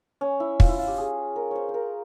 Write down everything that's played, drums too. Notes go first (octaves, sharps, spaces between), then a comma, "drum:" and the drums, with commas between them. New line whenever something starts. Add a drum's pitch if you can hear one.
C#4
E4
F4, drum: kick
E4
F4
G4
G#4
A#4
C5 C#5
C5
A#4